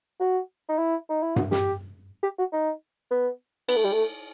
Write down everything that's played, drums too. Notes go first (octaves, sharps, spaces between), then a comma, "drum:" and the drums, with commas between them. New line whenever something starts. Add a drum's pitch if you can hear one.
F#4
D#4
E4
D#4
E4
F#4, drum: tom G2
G4, drum: snare
G4
F#4
D#4
B3
B3, drum: cymbal
A3
G3
A3